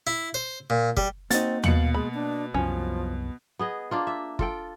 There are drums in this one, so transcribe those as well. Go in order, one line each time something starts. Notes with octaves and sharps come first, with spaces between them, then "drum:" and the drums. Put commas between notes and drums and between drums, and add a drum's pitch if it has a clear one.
E4
C5
A#2
G3, drum: kick
A#3 C4 D#4 F#4 A6, drum: hi-hat
B2 F5 C#7 F#7, drum: tom
G#3 B5
D4
C2 F#2 F3 C#4
B3 G#4 D#5
A#3 D4 F4
E5
F4 A4 G5, drum: kick